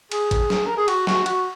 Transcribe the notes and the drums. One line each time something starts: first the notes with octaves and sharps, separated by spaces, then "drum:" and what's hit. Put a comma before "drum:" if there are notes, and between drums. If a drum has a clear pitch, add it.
G#4, drum: cymbal
drum: kick G#1, cymbal
drum: snare
A#4
G#4
F#4, drum: cymbal
F#4, drum: snare
F#4, drum: cymbal